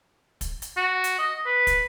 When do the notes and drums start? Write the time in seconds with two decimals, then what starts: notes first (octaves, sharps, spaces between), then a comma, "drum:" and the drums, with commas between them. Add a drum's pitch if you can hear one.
0.41 drum: kick, hi-hat
0.62 drum: hi-hat
0.77 F#4
1.04 drum: hi-hat
1.19 D#5
1.46 B4
1.67 drum: kick, hi-hat